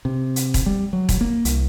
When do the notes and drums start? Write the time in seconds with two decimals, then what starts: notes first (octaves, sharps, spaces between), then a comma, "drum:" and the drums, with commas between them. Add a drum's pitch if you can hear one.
0.05 C3
0.36 drum: hi-hat
0.54 drum: kick E1, hi-hat
0.66 G3
0.93 F#3
1.09 drum: kick E1, hi-hat
1.21 A#3
1.45 C2, drum: hi-hat